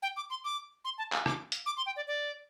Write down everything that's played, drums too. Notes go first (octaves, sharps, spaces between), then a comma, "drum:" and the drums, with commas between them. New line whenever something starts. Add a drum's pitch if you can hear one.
G5
D6
C6
D6
C6
A5
F5, drum: clap
D6, drum: rim click
drum: hi-hat
D6
C6
G5
D5
D5